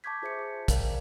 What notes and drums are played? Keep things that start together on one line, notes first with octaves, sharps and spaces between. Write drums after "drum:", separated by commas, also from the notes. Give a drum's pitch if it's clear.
A5 C#6 D6 G6 G#6 B6
F4 G#4 C5 E5 G6 C#7
A5
A#4 D5 F5 G5, drum: kick, hi-hat